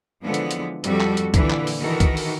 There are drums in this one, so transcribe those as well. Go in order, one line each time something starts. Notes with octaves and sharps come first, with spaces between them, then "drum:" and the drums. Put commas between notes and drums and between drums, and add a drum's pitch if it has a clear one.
D3 E3 F3 G#3 B3
drum: hi-hat
drum: hi-hat
F2 F3 G3 F#4 A4, drum: hi-hat
drum: clap
drum: hi-hat
A#2 D3 E3, drum: kick C2, hi-hat
drum: clap
drum: open hi-hat
D#3 E3 D#4 F#4 A4 A#4
drum: kick C2, hi-hat
drum: open hi-hat